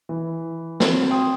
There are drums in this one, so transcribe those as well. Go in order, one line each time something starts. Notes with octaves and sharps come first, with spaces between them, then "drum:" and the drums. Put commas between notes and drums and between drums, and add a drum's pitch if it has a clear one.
E3
C4 F#4, drum: snare
G5 C6 D#6